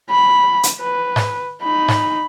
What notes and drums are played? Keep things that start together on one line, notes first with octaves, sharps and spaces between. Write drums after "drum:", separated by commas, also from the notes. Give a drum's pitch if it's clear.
B5
drum: hi-hat
B4
drum: snare G#2
D#4 B5
drum: snare G#2